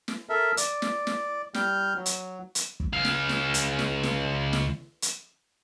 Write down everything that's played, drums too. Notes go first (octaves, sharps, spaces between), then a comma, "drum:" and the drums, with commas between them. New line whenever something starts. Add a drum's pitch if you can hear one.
drum: snare
A4 A#4 E5
D5, drum: hi-hat
drum: snare
drum: snare
G3 F6 G6, drum: snare
F#3
drum: hi-hat
drum: hi-hat
drum: kick
C#2 F5
drum: snare
drum: snare
drum: hi-hat
drum: snare
drum: snare
drum: snare
drum: hi-hat